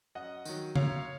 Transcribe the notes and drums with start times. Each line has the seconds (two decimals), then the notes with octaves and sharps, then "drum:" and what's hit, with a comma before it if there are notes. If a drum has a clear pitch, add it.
0.15 F#2 D#5 F#5
0.45 D#3 F#3, drum: tambourine
0.76 F#2 C#5 F5, drum: tom